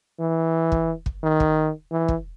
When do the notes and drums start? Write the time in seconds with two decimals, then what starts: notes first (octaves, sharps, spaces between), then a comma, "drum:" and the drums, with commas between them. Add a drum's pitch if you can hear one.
0.20 E3
0.72 drum: kick
1.06 drum: kick
1.23 D#3
1.40 drum: kick
1.92 E3
2.08 drum: kick